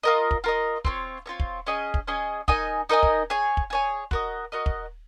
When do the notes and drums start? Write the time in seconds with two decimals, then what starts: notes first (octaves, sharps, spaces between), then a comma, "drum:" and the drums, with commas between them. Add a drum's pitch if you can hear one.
0.03 F4 A#4 D#5
0.31 drum: kick
0.44 F4 A#4 D#5
0.85 C4 F4 A#4 C#5, drum: kick
1.26 C4 F4 A#4 C#5
1.40 drum: kick
1.67 C#4 G#4 D#5 G#5
1.94 drum: kick
2.07 C#4 G#4 D#5 G#5
2.48 D#4 A#4 D#5 G#5, drum: kick
2.89 D#4 A#4 D#5 G#5
3.03 drum: kick
3.30 G#4 C#5 G#5
3.57 drum: kick
3.70 G#4 C#5 G#5
4.11 F#4 A#4 D#5, drum: kick
4.52 F#4 A#4 D#5
4.66 drum: kick